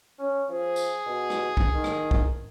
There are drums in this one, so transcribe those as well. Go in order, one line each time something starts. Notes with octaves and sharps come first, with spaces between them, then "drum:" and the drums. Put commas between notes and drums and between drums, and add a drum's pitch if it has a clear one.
C#4
F3 G#4
drum: tambourine
B2
drum: rim click
drum: kick
D#3
drum: rim click
drum: kick